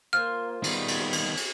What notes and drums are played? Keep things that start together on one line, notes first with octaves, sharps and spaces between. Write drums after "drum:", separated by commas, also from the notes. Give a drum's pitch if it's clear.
A#3 F4 C5 G#5 F6
D#3 G3 B3, drum: cymbal
drum: cymbal
drum: cymbal
drum: cymbal